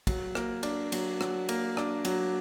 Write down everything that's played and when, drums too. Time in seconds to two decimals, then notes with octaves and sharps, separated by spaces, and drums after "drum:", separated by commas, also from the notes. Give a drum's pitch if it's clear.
0.07 F#3, drum: kick, cymbal
0.35 A#3, drum: rim click
0.63 D4, drum: cymbal
0.92 F#3, drum: cymbal
1.21 F#3, drum: rim click
1.49 A#3, drum: cymbal
1.77 D4, drum: rim click
2.05 F#3, drum: cymbal